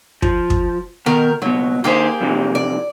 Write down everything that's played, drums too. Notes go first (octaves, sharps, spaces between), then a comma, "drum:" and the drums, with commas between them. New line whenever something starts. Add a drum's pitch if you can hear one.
F3, drum: kick
drum: kick
B2 D#3 A#4
C#2 B2 F#3
D#2 A#3 G4 G#4 C5
F2 C3 E3
D5